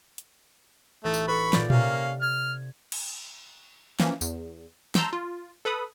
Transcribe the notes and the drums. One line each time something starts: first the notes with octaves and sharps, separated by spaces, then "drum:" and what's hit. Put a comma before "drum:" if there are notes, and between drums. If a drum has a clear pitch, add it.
drum: hi-hat
A1 A3 D#4 A6
drum: tambourine
A4 B4 B5 C#6
A#2 D5 G6, drum: snare
C3 A#3 C#4 F5, drum: tom A#2
F6 G#6
drum: cymbal
E3 F3 A#3 C#4, drum: snare
E2, drum: tambourine
A5 A#5 C6 E6 G6, drum: snare
F4
A4 B4 B5 D#6